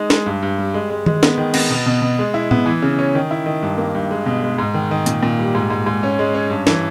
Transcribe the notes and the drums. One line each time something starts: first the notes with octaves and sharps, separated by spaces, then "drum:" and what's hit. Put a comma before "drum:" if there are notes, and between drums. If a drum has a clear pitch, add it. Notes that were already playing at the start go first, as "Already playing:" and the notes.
Already playing: G#3 D#4
G#3, drum: snare
G2
G2
G3
G#3
G#3
G#3, drum: tom D#3
B3, drum: snare
D#3
B3, drum: cymbal
B2
B2
B2
G#3
E4
B3, drum: tom A2
E3
C#3
C#4
D#3
E4
D#3
G2
A#3
G2
G#3
B2
G#3
G#2
D#3
D#3
A#2, drum: hi-hat
A#2
G3
G#2
G#2
G#2
C#4
G#3
C#4
G2
E3, drum: snare